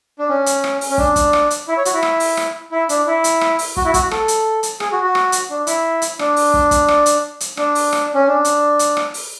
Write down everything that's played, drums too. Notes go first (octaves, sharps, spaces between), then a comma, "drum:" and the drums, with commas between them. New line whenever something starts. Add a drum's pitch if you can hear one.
D4
C#4
drum: hi-hat
drum: rim click
drum: open hi-hat
C#4
D4, drum: kick
drum: kick, hi-hat
drum: rim click
drum: hi-hat
E4
C#5
F#4, drum: hi-hat
E4
drum: rim click
drum: open hi-hat
drum: rim click
E4
D4, drum: hi-hat
E4
drum: hi-hat
drum: rim click
drum: open hi-hat
F#4, drum: kick
E4
F#4, drum: kick, hi-hat
A4, drum: rim click
drum: hi-hat
drum: hi-hat
G#4, drum: rim click
F#4
F#4
drum: rim click
drum: hi-hat
D4
E4, drum: hi-hat
drum: hi-hat
D4, drum: rim click
drum: open hi-hat
drum: kick
drum: kick, hi-hat
drum: rim click
drum: hi-hat
drum: hi-hat
D4, drum: rim click
drum: open hi-hat
drum: rim click
C#4
D4
drum: hi-hat
drum: hi-hat
drum: rim click
drum: open hi-hat